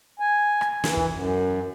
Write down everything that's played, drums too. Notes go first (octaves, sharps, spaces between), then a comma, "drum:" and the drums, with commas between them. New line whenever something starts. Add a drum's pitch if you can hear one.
G#5
drum: rim click
E3, drum: snare
drum: kick
F#2